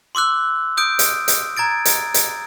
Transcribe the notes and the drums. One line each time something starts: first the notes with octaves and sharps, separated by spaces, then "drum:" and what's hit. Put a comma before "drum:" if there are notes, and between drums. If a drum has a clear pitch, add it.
C6 D6 E6 F#6
D#6 G6 D7
drum: hi-hat
drum: hi-hat
A#5 G#6 A6 D7
drum: hi-hat
drum: hi-hat